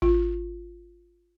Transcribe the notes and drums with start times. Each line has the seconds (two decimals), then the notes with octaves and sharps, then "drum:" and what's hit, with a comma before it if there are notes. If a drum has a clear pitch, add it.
0.02 F4, drum: kick G#1